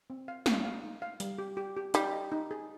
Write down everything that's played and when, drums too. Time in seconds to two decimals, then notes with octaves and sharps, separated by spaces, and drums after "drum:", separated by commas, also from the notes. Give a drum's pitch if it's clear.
0.10 C4
0.28 F5
0.46 F5, drum: snare
0.65 F5
0.83 D#4
1.02 F5
1.20 G3, drum: hi-hat
1.38 G4
1.57 G4
1.77 G4
1.94 G3 D#4, drum: hi-hat
2.13 D#5
2.32 D#4
2.51 G#4